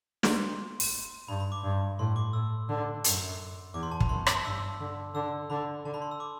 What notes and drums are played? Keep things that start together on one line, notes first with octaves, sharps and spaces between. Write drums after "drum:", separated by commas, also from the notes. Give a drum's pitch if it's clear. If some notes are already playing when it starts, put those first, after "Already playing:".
C6, drum: snare
drum: open hi-hat
G2 B5
B5
D6
G2
A2 C6
D6
A2 E6
D3
F#2, drum: hi-hat
E2 D6
C6
A5
B5, drum: kick
F#2 C6
D6, drum: rim click
G2 E6
D3
D3 E6
D3 B5
D3 A5
B5
C6
E6
D6